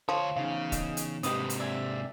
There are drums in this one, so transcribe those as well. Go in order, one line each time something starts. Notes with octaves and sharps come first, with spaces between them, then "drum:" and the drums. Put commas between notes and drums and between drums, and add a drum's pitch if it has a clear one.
D2 F3 C#5
E2 C#3 D#4 F5
D#5 G5, drum: kick D#1, hi-hat
drum: hi-hat
G#2 C3 C4 D4 D#4 G4 B4 D#6, drum: hi-hat
drum: hi-hat
D5 E5 G#5